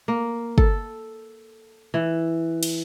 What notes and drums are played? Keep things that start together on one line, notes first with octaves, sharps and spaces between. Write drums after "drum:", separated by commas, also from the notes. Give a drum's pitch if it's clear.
A#3
A4, drum: kick
E3
drum: cymbal